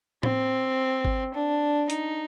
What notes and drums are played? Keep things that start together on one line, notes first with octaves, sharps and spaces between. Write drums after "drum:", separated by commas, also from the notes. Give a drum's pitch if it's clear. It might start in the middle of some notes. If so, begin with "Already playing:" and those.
C4, drum: tom A2
drum: kick G#1
D4
D#4, drum: hi-hat